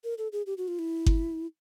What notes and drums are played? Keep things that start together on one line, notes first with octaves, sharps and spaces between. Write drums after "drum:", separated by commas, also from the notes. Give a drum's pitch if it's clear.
A#4
A4
G#4
G4
F#4
F4
E4
drum: kick G1